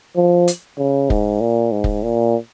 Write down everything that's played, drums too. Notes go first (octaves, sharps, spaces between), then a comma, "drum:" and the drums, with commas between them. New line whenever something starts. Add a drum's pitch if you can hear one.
F3
drum: hi-hat
C#3
G#2, drum: kick
A#2
G#2
drum: kick
A#2